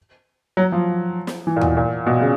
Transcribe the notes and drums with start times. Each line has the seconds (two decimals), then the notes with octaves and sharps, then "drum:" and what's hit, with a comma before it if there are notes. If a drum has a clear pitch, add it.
0.57 F#3
0.72 F3
1.27 drum: snare
1.47 E3
1.56 A#2
1.61 B2, drum: tom
1.77 A#2
2.06 B2
2.21 C#3